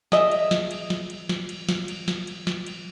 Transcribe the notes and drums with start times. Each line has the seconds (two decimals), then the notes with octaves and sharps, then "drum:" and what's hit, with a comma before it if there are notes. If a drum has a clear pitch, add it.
0.12 G#4 D#5 E5, drum: snare
0.31 drum: cymbal
0.51 drum: snare
0.71 drum: cymbal
0.90 drum: snare
1.10 drum: cymbal
1.29 drum: snare
1.49 drum: cymbal
1.69 drum: snare
1.88 drum: cymbal
2.08 drum: snare
2.27 drum: cymbal
2.47 drum: snare
2.66 drum: cymbal